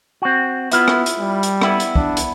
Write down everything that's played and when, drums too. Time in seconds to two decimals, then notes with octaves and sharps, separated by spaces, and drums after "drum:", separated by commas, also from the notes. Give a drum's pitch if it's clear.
0.22 C4 F#4
0.72 B3 E4 F4 E5, drum: hi-hat
0.88 drum: rim click
1.06 drum: hi-hat
1.20 G3
1.43 drum: hi-hat
1.61 B3 E4, drum: rim click
1.80 drum: hi-hat
1.96 D4, drum: kick
2.17 drum: hi-hat